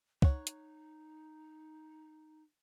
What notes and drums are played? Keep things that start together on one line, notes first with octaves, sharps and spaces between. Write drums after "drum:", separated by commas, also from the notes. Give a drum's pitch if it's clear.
D#4 C#5 F#5, drum: kick
drum: hi-hat